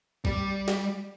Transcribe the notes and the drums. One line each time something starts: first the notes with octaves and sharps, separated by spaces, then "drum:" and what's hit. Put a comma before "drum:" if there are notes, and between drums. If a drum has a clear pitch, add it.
G3, drum: kick A#1
drum: snare